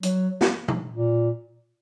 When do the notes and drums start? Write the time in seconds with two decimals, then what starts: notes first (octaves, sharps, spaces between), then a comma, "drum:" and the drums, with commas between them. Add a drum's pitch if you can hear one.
0.03 F#3, drum: hi-hat
0.41 drum: snare
0.68 drum: tom B2
0.91 A#2